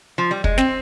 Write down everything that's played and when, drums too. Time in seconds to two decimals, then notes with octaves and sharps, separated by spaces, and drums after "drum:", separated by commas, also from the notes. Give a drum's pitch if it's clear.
0.18 F3
0.31 G3
0.44 G#3, drum: kick
0.58 C4, drum: snare